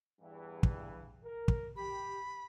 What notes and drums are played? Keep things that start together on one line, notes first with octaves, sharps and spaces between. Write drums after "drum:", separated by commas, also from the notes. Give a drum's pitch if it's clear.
E2 G2 E3
drum: kick
A#4
drum: kick
G4 B5